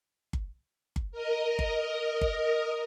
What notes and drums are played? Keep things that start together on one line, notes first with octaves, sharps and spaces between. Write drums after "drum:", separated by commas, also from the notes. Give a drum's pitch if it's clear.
drum: kick G1
drum: kick G1
A#4 D#5
drum: kick G1
drum: kick G1